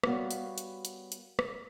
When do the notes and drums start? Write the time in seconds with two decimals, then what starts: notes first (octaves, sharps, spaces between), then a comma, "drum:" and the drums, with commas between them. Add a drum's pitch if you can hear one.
0.04 G3 B3 F#4 A#4 C#5 F5, drum: rim click
0.31 drum: hi-hat
0.58 drum: hi-hat
0.85 drum: hi-hat
1.12 drum: hi-hat
1.39 drum: rim click